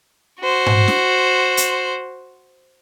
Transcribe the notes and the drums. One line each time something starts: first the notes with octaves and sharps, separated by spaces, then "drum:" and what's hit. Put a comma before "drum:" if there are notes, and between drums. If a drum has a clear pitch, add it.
F#4 C5
drum: tom G#2
drum: snare
drum: hi-hat